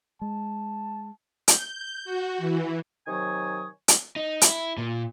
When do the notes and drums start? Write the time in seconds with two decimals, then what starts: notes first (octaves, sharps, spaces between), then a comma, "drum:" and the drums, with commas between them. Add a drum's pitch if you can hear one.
0.21 G#3 A5
1.48 G6, drum: hi-hat
2.05 F#4
2.38 E3
3.07 C3 D#3 F#3 C#5 G#5 D#6
3.88 drum: hi-hat
4.16 D#4
4.42 E4, drum: hi-hat
4.78 A#2